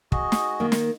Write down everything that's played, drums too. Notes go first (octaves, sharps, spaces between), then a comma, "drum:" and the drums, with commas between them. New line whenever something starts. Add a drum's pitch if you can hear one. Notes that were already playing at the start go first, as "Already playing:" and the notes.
F#4 G#4 D#5, drum: kick
drum: snare
D#3 A#3
drum: snare